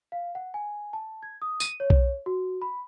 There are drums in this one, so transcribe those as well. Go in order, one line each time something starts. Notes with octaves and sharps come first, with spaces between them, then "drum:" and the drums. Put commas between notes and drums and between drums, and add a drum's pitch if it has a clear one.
F5
F#5
G#5
A5
G#6
D#6
D#7, drum: tambourine
C#5
drum: kick B1
F#4
B5